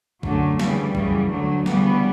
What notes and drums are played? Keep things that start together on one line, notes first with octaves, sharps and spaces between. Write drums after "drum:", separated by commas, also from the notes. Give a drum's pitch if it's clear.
F#2 D3 F#3 A3, drum: kick A#1
D2 C#3 E3 G3, drum: snare
F#2 C#3 E3, drum: kick A#1
D2 D3 F#3 A3
D2 C#3 E3 G3 B3, drum: snare